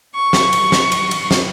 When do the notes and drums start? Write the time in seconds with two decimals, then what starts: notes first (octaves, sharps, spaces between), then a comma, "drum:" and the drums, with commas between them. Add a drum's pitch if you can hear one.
0.14 C#6
0.33 drum: snare
0.53 drum: cymbal
0.72 drum: snare
0.92 drum: cymbal
1.11 drum: cymbal
1.31 drum: snare